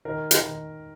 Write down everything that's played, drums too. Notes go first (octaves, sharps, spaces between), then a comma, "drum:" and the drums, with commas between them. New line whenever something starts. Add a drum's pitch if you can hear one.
D#3 A#4
drum: hi-hat
D#3